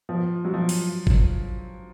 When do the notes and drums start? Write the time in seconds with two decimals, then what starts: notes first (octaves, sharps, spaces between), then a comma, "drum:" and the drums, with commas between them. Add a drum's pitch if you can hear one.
0.09 F3
0.45 F#3
0.54 F3
0.69 drum: open hi-hat
1.07 drum: kick G1